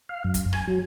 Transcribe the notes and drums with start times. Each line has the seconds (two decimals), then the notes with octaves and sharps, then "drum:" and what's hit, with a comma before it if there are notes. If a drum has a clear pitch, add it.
0.09 F5
0.24 F#2
0.34 drum: kick, hi-hat
0.53 G#5, drum: rim click
0.67 F#3